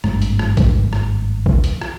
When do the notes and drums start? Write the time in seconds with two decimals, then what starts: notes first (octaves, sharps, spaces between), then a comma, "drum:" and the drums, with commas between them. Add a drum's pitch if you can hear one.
0.04 G#1 G2 A3, drum: rim click
0.22 drum: hi-hat
0.39 drum: rim click
0.57 drum: kick, hi-hat
0.93 drum: rim click
1.46 drum: kick
1.64 drum: hi-hat
1.82 drum: rim click